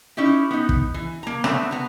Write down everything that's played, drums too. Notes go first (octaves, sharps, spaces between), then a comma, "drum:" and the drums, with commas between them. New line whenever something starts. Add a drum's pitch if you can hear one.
C#4 D#4 E4 G4
B3 D#4
drum: kick
E3
A#3 A#5
D3 A3 B3 C4 E5, drum: rim click
B3 A#5